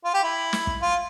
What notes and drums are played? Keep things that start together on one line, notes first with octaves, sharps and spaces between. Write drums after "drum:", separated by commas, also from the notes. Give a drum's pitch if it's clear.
F4
G4
E4
drum: snare
drum: kick
F4